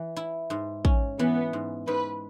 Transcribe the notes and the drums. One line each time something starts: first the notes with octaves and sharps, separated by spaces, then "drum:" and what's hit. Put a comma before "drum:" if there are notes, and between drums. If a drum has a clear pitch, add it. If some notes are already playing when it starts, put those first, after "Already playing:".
Already playing: E3
E4
G#2
C#4, drum: kick
E3 B3
G#2
G#2 B4